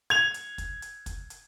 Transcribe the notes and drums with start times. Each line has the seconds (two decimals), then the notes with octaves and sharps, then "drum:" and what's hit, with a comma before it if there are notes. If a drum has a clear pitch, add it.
0.10 G#6 F7
0.34 drum: hi-hat
0.58 drum: kick, hi-hat
0.82 drum: hi-hat
1.06 drum: kick, hi-hat
1.30 drum: hi-hat